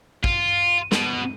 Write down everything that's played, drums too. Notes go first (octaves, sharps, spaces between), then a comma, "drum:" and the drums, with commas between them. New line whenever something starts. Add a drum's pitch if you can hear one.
F4, drum: kick
B2, drum: snare